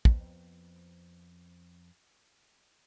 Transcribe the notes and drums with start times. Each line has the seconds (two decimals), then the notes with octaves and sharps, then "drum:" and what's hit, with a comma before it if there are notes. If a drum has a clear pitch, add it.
0.05 F2 B3 C4, drum: kick